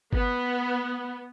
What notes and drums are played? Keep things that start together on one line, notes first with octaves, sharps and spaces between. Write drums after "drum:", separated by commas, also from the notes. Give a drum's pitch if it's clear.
B3, drum: kick G1